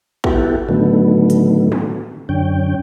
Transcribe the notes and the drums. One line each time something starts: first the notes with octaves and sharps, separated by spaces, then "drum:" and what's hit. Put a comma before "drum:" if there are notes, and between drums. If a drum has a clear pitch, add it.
B3 E4 F#4 G4 A4, drum: kick
A2 D3 D#3 F#3 A3 B3
drum: hi-hat
drum: tom
F#2 D3 C#4 G5